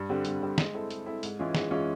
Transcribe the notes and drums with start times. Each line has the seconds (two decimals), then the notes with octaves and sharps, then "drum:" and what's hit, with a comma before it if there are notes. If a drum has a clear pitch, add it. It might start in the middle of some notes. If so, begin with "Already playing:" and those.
Already playing: G2
0.09 D3 G3 C4
0.25 G2, drum: hi-hat
0.41 D3 G3 C4
0.58 G#3, drum: snare
0.74 C4 E4 A4
0.90 G#3, drum: hi-hat
1.06 C4 E4 A4
1.23 G#2, drum: hi-hat
1.39 E3 G#3 C#4 F4
1.55 G#2, drum: snare
1.71 E3 G#3 C#4 F4